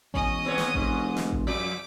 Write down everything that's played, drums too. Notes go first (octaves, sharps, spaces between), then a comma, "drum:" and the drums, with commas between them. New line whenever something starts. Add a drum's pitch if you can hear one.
E1 C#4 D#5 D#6, drum: kick A1
G#2 B3 C#5
drum: snare
F1 G#2, drum: kick A1
drum: snare
drum: kick A1
F#2 F3 D6 B6